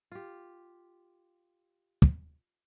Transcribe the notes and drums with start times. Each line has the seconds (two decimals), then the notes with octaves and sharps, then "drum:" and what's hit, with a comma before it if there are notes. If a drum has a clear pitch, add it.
0.12 F4 G4
2.02 drum: kick